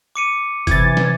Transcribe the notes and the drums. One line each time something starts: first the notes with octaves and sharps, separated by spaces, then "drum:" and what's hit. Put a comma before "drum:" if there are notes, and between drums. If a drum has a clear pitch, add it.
D6 C#7 D#7
C3 E3 G#6 A6, drum: kick F#1, hi-hat
drum: snare